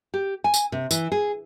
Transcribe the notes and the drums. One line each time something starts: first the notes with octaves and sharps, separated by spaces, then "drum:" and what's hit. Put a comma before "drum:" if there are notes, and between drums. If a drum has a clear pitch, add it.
G4
G#5
drum: tambourine
C3
E3, drum: tambourine
G#4